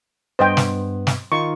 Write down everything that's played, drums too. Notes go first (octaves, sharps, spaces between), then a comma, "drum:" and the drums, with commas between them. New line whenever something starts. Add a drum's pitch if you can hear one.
G2 B3 C5 D#5 G5
drum: snare
drum: snare
D#3 D#4 F4 C#6